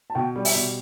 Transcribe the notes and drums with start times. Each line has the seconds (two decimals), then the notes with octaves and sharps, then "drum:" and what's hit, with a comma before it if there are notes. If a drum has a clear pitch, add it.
0.10 A5
0.15 B2 G5
0.36 G3
0.45 E5, drum: open hi-hat
0.55 B2